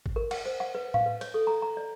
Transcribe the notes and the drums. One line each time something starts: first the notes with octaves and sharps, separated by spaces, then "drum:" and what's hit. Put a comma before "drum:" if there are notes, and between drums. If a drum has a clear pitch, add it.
drum: kick G#1
A#4
F#5, drum: cymbal
C5
F#5
B4
F5, drum: tom A2
B4
C#5, drum: cymbal
A4
A#5
A#5
D5